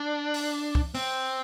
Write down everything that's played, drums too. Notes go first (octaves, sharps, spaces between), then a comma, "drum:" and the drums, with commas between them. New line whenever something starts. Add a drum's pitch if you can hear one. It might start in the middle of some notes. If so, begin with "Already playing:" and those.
Already playing: D4
drum: open hi-hat
drum: kick
C4, drum: open hi-hat